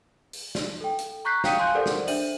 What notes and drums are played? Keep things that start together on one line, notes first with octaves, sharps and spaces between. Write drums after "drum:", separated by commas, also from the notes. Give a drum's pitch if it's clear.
drum: open hi-hat
drum: snare
A4 G5
drum: hi-hat
A#5 C#6 F#6 G6 B6 C7
F5 G5 D#6 B6 C#7 D#7, drum: snare
F5 G#5 C6 F#6 G6
G4 A4 A#4 C5 D5 F#5
drum: snare
D4 C5 E5 D#7 F#7, drum: open hi-hat